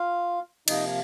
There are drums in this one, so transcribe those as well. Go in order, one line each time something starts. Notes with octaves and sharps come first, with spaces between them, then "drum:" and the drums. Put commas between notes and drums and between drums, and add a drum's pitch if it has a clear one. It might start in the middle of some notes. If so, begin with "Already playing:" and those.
Already playing: F4 F5
C3 F3 A#3 D#4 D#5, drum: cymbal